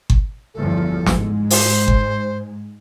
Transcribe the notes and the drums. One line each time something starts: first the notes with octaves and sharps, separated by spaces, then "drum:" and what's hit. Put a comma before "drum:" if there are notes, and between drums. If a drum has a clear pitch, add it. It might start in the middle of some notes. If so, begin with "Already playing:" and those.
drum: kick G1
G1 E2 F3 A4
G#2 G#3, drum: snare
C5, drum: open hi-hat
drum: kick G1